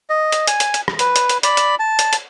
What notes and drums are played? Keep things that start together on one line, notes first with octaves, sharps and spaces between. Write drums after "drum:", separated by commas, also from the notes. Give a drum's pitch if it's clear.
D#5
drum: hi-hat
G#5, drum: hi-hat
drum: hi-hat
drum: hi-hat
drum: rim click
B4, drum: hi-hat
drum: hi-hat
drum: hi-hat
D5 B5, drum: hi-hat
drum: hi-hat
A5
drum: hi-hat
drum: hi-hat